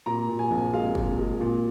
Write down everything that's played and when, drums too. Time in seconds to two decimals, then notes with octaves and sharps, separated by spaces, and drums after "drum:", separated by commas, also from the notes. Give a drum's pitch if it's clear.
0.06 A#2 A#5
0.28 A#2
0.39 G#5
0.51 A#1
0.74 G#3 F5
0.95 A#2, drum: kick
1.18 G#3
1.41 A#2